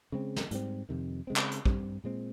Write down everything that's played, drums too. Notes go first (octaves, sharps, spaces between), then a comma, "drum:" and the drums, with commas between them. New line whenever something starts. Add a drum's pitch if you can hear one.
C#3 G#3 C4
drum: snare
G#2 G3 C4, drum: hi-hat
F2 C3 D#3
C#3 G#3 C4
drum: clap
drum: hi-hat
G2 G3 C4, drum: kick
A#2 G#3 C4